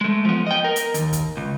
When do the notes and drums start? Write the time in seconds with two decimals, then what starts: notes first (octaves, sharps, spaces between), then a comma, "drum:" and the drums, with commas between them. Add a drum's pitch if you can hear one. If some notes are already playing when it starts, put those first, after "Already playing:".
0.01 G#3 A3
0.25 F3 B3
0.46 D#5 G5
0.64 A#4
0.76 drum: hi-hat
0.94 D#2, drum: hi-hat
1.13 drum: kick, hi-hat
1.37 C#2